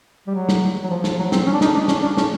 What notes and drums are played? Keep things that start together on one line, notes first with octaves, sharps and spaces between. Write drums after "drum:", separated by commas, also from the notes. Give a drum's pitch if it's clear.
G3
F#3
drum: snare
F#3
F3
F3, drum: snare
F#3
C4, drum: snare
C#4
D4
D#4, drum: snare
D4
C#4, drum: snare
D4
C#4, drum: snare